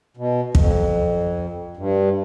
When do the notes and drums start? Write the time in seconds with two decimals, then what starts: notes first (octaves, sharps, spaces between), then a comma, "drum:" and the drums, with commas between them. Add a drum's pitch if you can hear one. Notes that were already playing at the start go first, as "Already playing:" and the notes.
0.17 B2
0.55 F2, drum: kick
1.77 G2